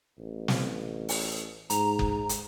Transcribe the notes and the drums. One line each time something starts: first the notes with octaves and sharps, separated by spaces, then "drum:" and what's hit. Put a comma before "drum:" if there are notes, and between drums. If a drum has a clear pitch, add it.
A1
drum: snare
drum: open hi-hat
G#2 A#5, drum: hi-hat
drum: kick F#1
drum: hi-hat